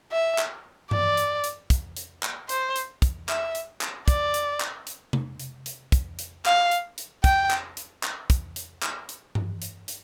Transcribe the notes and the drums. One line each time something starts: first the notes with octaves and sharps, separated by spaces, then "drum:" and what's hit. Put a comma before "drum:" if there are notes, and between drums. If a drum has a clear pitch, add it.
E5
drum: clap
D5, drum: tom G2
drum: hi-hat
drum: hi-hat
drum: kick, hi-hat
drum: hi-hat
drum: clap
C5, drum: hi-hat
drum: hi-hat
drum: kick, hi-hat
E5, drum: clap
drum: hi-hat
drum: clap
D5, drum: kick, hi-hat
drum: hi-hat
drum: clap
drum: hi-hat
drum: tom C3
drum: hi-hat
drum: hi-hat
drum: kick, hi-hat
drum: hi-hat
F5, drum: clap
drum: hi-hat
drum: hi-hat
G5, drum: kick, hi-hat
drum: clap
drum: hi-hat
drum: clap
drum: kick, hi-hat
drum: hi-hat
drum: clap
drum: hi-hat
drum: tom G2
drum: hi-hat
drum: hi-hat